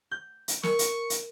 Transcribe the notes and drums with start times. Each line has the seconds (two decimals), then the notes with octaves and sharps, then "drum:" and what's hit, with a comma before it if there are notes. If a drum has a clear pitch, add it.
0.11 G6
0.48 drum: hi-hat
0.63 A#4 C#6, drum: snare
0.79 drum: hi-hat
1.10 drum: hi-hat